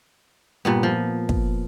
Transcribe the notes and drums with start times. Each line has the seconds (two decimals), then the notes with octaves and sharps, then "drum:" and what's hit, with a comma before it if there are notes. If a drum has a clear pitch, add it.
0.65 G2 A#2 B3
0.83 F3
1.29 drum: kick